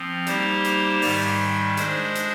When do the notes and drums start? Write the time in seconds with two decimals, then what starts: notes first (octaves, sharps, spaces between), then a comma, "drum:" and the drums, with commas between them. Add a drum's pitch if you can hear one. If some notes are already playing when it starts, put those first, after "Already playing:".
Already playing: F3 C4
0.27 G3 A#3 D#4 G4 C5, drum: hi-hat
0.64 drum: hi-hat
1.02 G#2 D#3 G3, drum: open hi-hat
1.77 G#3 D4 G#4 C5, drum: hi-hat
2.15 drum: hi-hat